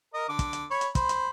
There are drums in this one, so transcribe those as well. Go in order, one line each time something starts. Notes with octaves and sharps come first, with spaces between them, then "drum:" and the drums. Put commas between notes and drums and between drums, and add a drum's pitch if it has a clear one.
A#4 D#5
D3 D6
drum: kick, hi-hat
drum: hi-hat
C#5 B5
drum: hi-hat
C5 B5, drum: kick, hi-hat
drum: hi-hat